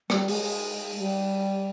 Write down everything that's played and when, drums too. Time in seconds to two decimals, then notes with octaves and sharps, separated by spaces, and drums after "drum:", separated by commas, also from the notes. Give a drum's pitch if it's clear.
0.10 G3, drum: rim click
0.28 G#3, drum: open hi-hat
0.99 G3